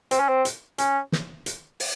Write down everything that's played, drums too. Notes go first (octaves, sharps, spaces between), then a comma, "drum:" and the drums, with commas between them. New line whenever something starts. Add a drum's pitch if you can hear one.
C4, drum: hi-hat
C#4
C4
drum: hi-hat
C#4, drum: hi-hat
drum: snare
drum: hi-hat
drum: open hi-hat